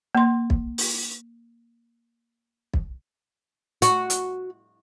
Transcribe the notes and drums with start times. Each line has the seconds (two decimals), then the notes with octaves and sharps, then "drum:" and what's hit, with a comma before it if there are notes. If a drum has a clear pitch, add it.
0.15 A#3 C6
0.50 drum: kick
0.78 drum: open hi-hat
2.74 drum: kick
3.82 F#4, drum: hi-hat
4.10 drum: hi-hat